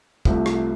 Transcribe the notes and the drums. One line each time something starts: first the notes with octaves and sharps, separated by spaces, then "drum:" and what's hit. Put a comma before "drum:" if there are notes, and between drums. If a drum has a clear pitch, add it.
C2 C3 F3 A3, drum: kick
drum: rim click